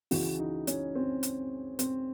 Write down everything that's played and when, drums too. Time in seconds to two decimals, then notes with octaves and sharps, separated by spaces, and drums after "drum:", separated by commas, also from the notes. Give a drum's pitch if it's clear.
0.11 C#2 C#3 E3 F#4, drum: open hi-hat
0.39 D#4
0.67 C#4, drum: hi-hat
0.95 C4
1.23 drum: hi-hat
1.79 C4, drum: hi-hat